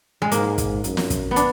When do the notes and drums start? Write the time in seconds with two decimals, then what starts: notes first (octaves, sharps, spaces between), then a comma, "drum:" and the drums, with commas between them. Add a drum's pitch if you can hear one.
0.22 G#3
0.32 G#2 A#3, drum: hi-hat
0.58 drum: kick, hi-hat
0.84 F#2, drum: hi-hat
0.97 drum: snare
1.10 drum: kick, hi-hat
1.31 B3
1.36 D4, drum: hi-hat